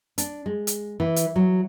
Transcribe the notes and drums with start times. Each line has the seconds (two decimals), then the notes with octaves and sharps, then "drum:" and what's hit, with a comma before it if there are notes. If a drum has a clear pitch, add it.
0.18 D4, drum: hi-hat
0.46 G#3
0.67 drum: hi-hat
1.00 E3
1.16 drum: hi-hat
1.36 F#3